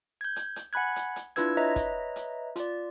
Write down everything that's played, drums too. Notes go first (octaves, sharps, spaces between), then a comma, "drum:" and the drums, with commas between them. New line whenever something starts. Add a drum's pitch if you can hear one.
G6 G#6
drum: hi-hat
drum: hi-hat
F#5 G#5 B5 F#6 G#6
drum: hi-hat
drum: hi-hat
D4 E4 F4 B4 E6 G#6, drum: hi-hat
B4 C#5 D#5 E5 A#5
drum: kick, hi-hat
drum: hi-hat
F4 D5, drum: hi-hat